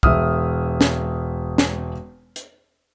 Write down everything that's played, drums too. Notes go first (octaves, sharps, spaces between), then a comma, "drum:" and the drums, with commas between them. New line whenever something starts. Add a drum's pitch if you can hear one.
E1 E5 D#6 F6, drum: kick
drum: snare
drum: snare
drum: hi-hat